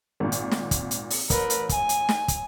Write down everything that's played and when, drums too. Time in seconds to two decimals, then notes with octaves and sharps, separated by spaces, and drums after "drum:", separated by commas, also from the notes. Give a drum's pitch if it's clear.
0.20 G#1 A#2
0.32 drum: hi-hat
0.51 drum: snare
0.71 drum: kick, hi-hat
0.91 drum: hi-hat
1.10 drum: open hi-hat
1.30 A1 A#4 B4, drum: kick, hi-hat
1.50 drum: hi-hat
1.69 G#5, drum: kick, hi-hat
1.89 drum: hi-hat
2.09 drum: snare
2.28 drum: kick, hi-hat